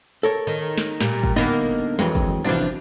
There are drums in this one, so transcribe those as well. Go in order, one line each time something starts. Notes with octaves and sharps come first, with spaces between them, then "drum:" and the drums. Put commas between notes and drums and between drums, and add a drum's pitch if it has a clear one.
A4 A#4 C#5
D#3
drum: snare
A#2 G3, drum: snare
drum: kick
D3 A#3 B3 D#4
F2 E3 F#3 G#3
drum: kick
F#2 C3 E3 F3 D4